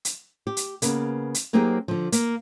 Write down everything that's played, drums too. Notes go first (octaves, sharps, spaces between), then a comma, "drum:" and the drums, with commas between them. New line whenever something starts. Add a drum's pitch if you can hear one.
drum: hi-hat
G4
drum: hi-hat
C#3 A#3 B3, drum: hi-hat
drum: hi-hat
F#3 A#3 C4 D#4 G4 G#4
D3 F3
A#3, drum: hi-hat